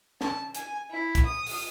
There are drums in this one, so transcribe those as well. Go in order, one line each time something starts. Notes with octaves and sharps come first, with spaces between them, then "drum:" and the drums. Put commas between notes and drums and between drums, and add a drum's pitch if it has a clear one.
A5, drum: snare
G#5, drum: hi-hat
E4
drum: kick, hi-hat
D#6
drum: open hi-hat